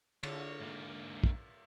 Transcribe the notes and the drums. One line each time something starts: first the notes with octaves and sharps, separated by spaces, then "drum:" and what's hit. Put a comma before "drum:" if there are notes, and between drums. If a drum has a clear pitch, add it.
D3 C#5, drum: cymbal
G#2 A#3
drum: kick